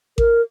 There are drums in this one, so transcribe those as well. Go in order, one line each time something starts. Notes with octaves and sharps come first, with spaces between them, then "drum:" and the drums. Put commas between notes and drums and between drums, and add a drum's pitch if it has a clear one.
A#4, drum: kick A1